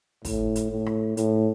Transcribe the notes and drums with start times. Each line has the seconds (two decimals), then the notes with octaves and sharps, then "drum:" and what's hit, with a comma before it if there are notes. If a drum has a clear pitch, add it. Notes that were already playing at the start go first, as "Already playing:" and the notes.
0.25 A2, drum: kick, open hi-hat
0.56 drum: hi-hat
0.71 A2
0.86 drum: rim click
1.17 A2, drum: hi-hat